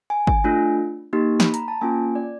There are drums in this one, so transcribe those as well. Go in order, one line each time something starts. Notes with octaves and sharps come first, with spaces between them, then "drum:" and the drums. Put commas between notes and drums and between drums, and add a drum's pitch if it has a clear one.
G#5
G#5, drum: kick G#1
A3 D4 F4
A#3 D#4 G4
B5, drum: snare
A#5, drum: hi-hat
A5
A#3 C#4 F4 G#5
D5